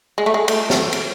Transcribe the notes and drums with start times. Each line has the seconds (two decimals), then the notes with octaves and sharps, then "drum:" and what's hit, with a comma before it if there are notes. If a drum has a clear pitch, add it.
0.18 G#3
0.26 A3
0.34 G#3
0.48 A3, drum: cymbal
0.70 drum: snare
0.93 drum: cymbal